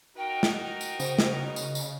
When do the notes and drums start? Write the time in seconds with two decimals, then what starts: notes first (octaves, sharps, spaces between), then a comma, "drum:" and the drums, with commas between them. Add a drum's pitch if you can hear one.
0.17 D#4 F#4 A#4 G5
0.43 drum: snare
0.54 G5
0.81 drum: tambourine
1.00 C#3 C5, drum: tambourine
1.19 drum: snare
1.45 D#5
1.56 drum: tambourine
1.75 drum: tambourine